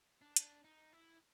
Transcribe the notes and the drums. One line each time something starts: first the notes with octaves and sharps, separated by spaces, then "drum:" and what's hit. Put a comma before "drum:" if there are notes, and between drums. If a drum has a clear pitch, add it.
D4
drum: hi-hat
D#4
E4